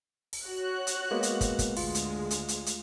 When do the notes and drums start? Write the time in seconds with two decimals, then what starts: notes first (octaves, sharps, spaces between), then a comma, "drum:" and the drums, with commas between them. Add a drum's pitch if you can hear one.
0.33 drum: open hi-hat
0.46 F#4 C#5 F#6
0.87 drum: hi-hat
1.11 G#3 A#3 B3
1.23 drum: hi-hat
1.41 drum: kick, hi-hat
1.59 drum: kick, hi-hat
1.77 D2 G#3 F4, drum: open hi-hat
1.95 drum: hi-hat
2.31 drum: hi-hat
2.48 drum: hi-hat
2.66 drum: hi-hat